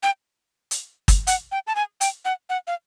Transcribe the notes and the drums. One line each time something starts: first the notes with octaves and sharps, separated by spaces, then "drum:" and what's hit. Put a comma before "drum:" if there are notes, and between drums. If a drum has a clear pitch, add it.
G5
drum: hi-hat
drum: kick, hi-hat
F#5, drum: hi-hat
G5
A5
G#5
G5, drum: hi-hat
F#5
F#5
F5